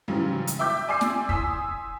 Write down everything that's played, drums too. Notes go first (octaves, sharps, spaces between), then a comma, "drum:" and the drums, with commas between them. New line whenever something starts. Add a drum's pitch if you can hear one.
G#2 C#3 E3 F#3 G3
drum: hi-hat
E5 G5 D6 G6 B6
D5 G#5 C6 D6 E6 C7
drum: snare
G#5 C6 D#6 E6 B6, drum: kick